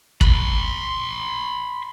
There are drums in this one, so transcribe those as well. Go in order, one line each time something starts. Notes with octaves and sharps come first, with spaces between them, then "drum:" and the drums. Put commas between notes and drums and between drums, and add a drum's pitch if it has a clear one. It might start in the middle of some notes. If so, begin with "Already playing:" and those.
B5 C6, drum: kick